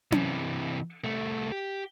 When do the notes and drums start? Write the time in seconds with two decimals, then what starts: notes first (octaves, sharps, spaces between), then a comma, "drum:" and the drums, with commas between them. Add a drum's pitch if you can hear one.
0.12 C3 E3, drum: tom C#4
1.04 C2 A3
1.52 G4